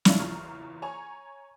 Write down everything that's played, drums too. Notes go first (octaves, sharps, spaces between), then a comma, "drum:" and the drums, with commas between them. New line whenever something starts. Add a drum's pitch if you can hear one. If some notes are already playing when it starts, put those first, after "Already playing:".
E4 F4 C#5 D5 E5 F5, drum: snare
F#1 E2 F4 A#5 C#6 F6
C#5 G#5 A#5 C#6